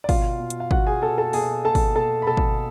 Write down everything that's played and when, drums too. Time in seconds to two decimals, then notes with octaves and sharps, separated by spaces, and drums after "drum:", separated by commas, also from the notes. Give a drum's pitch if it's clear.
0.04 D5
0.09 B2 F4 F5, drum: kick, open hi-hat
0.40 B2
0.50 drum: hi-hat
0.60 F5
0.71 B2 F#4 F#5, drum: kick
0.87 G#4 G#5
1.02 B2 A4 A5
1.18 A4 A5
1.33 B2 G#4 G#5, drum: open hi-hat
1.65 B2 A4 A5
1.75 drum: kick, open hi-hat
1.96 B2 A4 A5
2.22 B5
2.27 B2 A4 A5
2.37 drum: kick